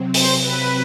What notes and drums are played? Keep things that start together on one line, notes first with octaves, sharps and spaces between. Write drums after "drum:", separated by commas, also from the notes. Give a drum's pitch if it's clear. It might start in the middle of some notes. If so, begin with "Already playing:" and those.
Already playing: C3 F#3 C4
C5, drum: open hi-hat
B4